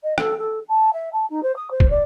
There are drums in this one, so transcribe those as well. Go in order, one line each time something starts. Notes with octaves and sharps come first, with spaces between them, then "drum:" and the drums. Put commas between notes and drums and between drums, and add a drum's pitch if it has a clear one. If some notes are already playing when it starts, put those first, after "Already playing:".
D#5
A4, drum: rim click
A4
A5
E5
A5
D#4
C5
D#6
C5
drum: kick
D5